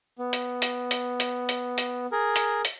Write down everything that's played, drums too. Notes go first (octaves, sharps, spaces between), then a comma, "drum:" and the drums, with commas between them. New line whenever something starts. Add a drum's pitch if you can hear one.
B3
drum: hi-hat
drum: hi-hat
drum: hi-hat
drum: hi-hat
drum: hi-hat
drum: hi-hat
G#4 A#4
drum: hi-hat
drum: hi-hat